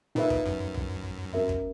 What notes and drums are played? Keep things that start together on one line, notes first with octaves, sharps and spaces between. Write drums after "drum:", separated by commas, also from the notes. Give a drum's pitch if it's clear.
A#2 D#4 G#4 B4 E5
drum: kick
F#2
drum: tom A#1
C#4 F#4 A#4 E5
drum: kick